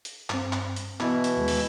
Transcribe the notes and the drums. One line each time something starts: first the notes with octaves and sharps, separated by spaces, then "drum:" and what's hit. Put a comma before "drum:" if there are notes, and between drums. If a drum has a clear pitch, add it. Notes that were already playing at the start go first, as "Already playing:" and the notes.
drum: hi-hat
G2 C4, drum: clap
drum: clap
drum: hi-hat
B2 E3 B3 E4, drum: clap
drum: hi-hat
D#2 G#3
drum: open hi-hat